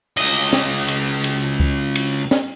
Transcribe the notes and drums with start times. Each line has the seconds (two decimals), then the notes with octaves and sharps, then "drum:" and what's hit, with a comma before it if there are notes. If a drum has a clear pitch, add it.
0.17 C#2 D#5, drum: cymbal
0.53 drum: snare
0.88 drum: cymbal
1.24 drum: cymbal
1.60 drum: kick C#2
1.95 drum: cymbal
2.31 drum: snare